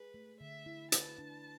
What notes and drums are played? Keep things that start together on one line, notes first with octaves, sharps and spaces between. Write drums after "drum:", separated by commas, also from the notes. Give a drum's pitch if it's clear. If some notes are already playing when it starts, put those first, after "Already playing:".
Already playing: G#4 B4
A3
D3 E5
E4
B4 A5, drum: hi-hat
D4